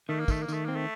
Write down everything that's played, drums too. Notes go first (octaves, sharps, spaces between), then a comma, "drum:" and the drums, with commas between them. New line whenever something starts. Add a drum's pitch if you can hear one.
D#3 A3
A#3
D#3 A3, drum: kick, tambourine
A#3
D#3 A3, drum: tambourine
A#3 C4
A3